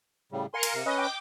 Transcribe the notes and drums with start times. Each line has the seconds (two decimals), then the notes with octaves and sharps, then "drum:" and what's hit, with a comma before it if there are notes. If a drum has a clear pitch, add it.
0.32 A2 C#3 G3
0.54 A#4 F5 G#5 C6 C#7
0.63 drum: cymbal
0.74 C3
0.86 C#4 B4 D#5
0.98 G5 D6